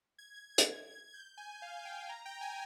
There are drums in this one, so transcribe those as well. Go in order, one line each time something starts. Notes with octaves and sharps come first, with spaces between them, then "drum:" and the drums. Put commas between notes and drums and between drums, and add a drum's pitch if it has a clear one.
G#6
drum: hi-hat
G6
G#5
F5
G5
A#5
G5
A#5
G#5